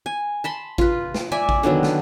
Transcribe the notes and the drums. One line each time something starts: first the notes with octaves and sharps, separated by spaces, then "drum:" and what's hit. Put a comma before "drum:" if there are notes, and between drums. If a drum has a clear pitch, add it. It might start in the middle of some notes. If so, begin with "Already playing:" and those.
G#5
A5 B5 C6
F4 B4, drum: kick A1
drum: snare
D5 E5 G#5
drum: kick A1
D3 D#3 F#3 B3
drum: snare